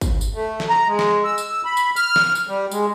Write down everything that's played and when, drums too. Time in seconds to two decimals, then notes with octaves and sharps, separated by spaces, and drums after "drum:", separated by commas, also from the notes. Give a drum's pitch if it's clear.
0.01 drum: kick, tambourine
0.21 drum: tambourine
0.34 A3
0.60 drum: snare
0.69 A#5
0.88 G#3
0.99 drum: snare
1.24 E6
1.38 drum: tambourine
1.65 B5
1.77 drum: tambourine
1.96 F6, drum: tambourine
2.16 drum: snare
2.35 drum: tambourine
2.48 G3
2.72 G#3, drum: tambourine